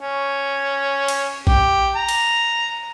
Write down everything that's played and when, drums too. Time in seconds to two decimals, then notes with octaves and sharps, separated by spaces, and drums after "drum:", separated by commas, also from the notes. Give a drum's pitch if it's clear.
0.01 C#4
1.08 drum: cymbal
1.47 G4, drum: kick A#1
1.96 A#5
2.09 drum: cymbal